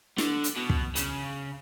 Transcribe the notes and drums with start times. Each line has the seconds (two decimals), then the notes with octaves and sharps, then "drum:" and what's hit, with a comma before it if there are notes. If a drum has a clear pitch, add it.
0.18 D3, drum: snare
0.44 drum: hi-hat
0.57 B2
0.70 drum: kick
0.95 C#3, drum: hi-hat